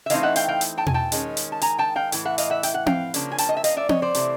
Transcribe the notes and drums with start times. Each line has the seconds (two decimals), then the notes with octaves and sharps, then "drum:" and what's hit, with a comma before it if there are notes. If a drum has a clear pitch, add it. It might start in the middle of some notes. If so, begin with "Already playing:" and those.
0.06 E5
0.10 E3 A3 C4 D#4 D#5 F5, drum: hi-hat
0.23 E5 F#5
0.36 F5 G5, drum: hi-hat
0.48 F5 G5
0.61 drum: hi-hat
0.78 G5 A5
0.87 G#5, drum: tom
0.94 G5 A5
1.12 D#3 G#3 C#4, drum: hi-hat
1.37 drum: hi-hat
1.52 A5
1.61 G#5 A#5, drum: hi-hat
1.78 G5 A5
1.96 F5 G5
2.12 A2 E3, drum: hi-hat
2.25 E5 F#5
2.38 D#5 F5, drum: hi-hat
2.50 E5 F#5
2.63 G5, drum: hi-hat
2.74 F#5
2.86 F5 G5, drum: tom C4
3.14 C#3 F3 A#3 D4, drum: hi-hat
3.32 G#5
3.38 G5 A5, drum: hi-hat
3.49 D#5
3.57 E5
3.64 D#5 F5, drum: hi-hat
3.77 D5 E5
3.89 C#5 D#5, drum: tom C4
4.02 C5 D5
4.15 C3 E3 A3, drum: hi-hat